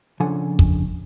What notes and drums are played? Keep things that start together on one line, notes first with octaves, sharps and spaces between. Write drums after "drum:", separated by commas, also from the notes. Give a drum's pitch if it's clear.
C#3 F3 D4 A4 F#5 G#5
drum: kick